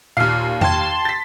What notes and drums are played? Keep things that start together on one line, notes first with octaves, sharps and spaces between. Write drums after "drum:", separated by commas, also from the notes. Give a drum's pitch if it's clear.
D#2 A#2 F5 F6 C7
G5 A5 C6 G#6, drum: tom E2
A6 B6